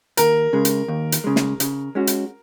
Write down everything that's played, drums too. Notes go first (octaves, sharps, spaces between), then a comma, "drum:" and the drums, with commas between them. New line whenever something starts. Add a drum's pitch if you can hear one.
D#2 A#4, drum: hi-hat
C#3 G#3
drum: hi-hat
D#2
drum: hi-hat
C#3 G#3
drum: snare
C#3, drum: hi-hat
G#3 C#4 F#4
drum: hi-hat